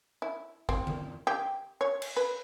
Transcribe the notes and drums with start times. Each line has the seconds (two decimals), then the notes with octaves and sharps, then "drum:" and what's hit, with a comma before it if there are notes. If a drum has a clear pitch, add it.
0.22 E4
0.69 C4, drum: kick
0.87 drum: tom D#3
1.27 G4
1.81 C#5
2.02 drum: cymbal
2.16 B4